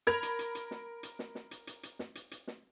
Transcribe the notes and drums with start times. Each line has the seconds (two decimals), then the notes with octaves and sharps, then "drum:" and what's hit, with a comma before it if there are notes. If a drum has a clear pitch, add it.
0.07 A#4 B5 G#6 F7, drum: snare
0.23 drum: hi-hat
0.39 drum: hi-hat
0.55 drum: hi-hat
0.71 drum: snare
1.03 drum: hi-hat
1.19 drum: snare
1.35 drum: snare
1.51 drum: hi-hat
1.67 drum: hi-hat
1.83 drum: hi-hat
1.99 drum: snare
2.15 drum: hi-hat
2.31 drum: hi-hat
2.47 drum: snare